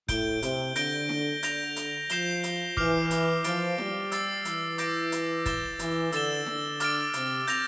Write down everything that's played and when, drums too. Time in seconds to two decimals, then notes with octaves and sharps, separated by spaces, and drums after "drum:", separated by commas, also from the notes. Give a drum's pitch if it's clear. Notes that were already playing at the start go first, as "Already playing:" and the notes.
0.08 A2 G6 D7 G7, drum: kick, hi-hat
0.42 C3, drum: hi-hat
0.75 D3 G6 A#6 D7 G7, drum: hi-hat
1.09 drum: snare
1.43 D3 G6 A#6 F7, drum: hi-hat
1.76 drum: hi-hat
2.10 F3 G6 C7 E7 G7, drum: hi-hat
2.43 drum: hi-hat
2.77 E3 D6 F6 C7 F7, drum: kick
3.11 drum: hi-hat
3.44 F3 F6 A6 D7 G7, drum: hi-hat
3.78 G3, drum: snare
4.12 E6 A6 C7, drum: hi-hat
4.45 E3, drum: hi-hat
4.78 D6 G6 A#6 D7, drum: hi-hat
5.12 drum: hi-hat
5.46 A6 E7 G7, drum: kick, hi-hat
5.79 E3, drum: hi-hat
6.12 D3 E6 A6 E7 G7, drum: hi-hat
6.47 D3, drum: snare
6.80 D6 F6 A6 D7, drum: hi-hat
7.14 C3, drum: hi-hat
7.47 G6 A#6 F7, drum: hi-hat